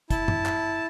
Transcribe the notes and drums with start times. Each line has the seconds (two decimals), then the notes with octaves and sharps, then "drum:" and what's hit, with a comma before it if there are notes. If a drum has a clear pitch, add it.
0.10 E4 A5, drum: kick, hi-hat
0.28 drum: tom F#2
0.46 drum: clap